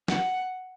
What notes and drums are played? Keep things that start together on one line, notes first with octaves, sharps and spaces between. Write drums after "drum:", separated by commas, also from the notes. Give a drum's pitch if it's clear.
F#5, drum: snare